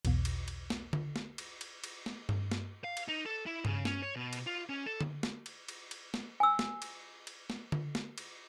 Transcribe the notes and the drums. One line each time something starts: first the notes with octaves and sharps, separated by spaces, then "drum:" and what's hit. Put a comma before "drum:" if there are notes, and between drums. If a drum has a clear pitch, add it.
B1 E2 B2, drum: cymbal
drum: cymbal
drum: cymbal
drum: snare
drum: tom D3
drum: snare
drum: cymbal
drum: cymbal
drum: cymbal
drum: snare
drum: tom G2
drum: snare
F5
drum: cymbal
D#4
A4
E4
C#3, drum: tom G2
C#4, drum: snare
C#5
B2
drum: cymbal
F4
C#4
A4
drum: tom D3
drum: snare
drum: cymbal
drum: cymbal
drum: cymbal
drum: snare
G#5 E6
drum: snare
drum: cymbal
drum: cymbal
drum: snare
drum: tom D3
drum: snare
drum: cymbal